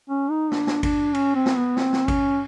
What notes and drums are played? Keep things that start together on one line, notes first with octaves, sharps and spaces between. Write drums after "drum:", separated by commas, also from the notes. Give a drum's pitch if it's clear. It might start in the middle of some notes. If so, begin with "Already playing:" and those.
C#4
D#4
D4, drum: snare
drum: snare
D4, drum: kick G#1, cymbal
C#4, drum: cymbal
C4
drum: snare
B3
C4, drum: snare
drum: snare
C#4, drum: kick G#1, cymbal